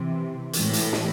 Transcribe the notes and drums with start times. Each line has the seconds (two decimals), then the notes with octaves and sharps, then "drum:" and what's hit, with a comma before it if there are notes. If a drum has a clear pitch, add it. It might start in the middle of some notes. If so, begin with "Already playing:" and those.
Already playing: C3 E3
0.53 E3, drum: hi-hat
0.59 A2
0.73 drum: hi-hat
0.93 drum: snare